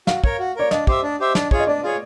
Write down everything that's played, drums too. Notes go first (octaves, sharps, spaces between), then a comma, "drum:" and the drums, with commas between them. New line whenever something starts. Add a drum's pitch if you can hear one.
F#4 F5, drum: snare
A#4 C#5, drum: kick
F#4
A#4 C#5 D5
D4 D#5, drum: snare
G4 C5 E5, drum: kick
D4
G4 C5 E5
D4, drum: snare
F4 G#4 C#5, drum: kick
D#5
D4 D5
F4 G#4 C#5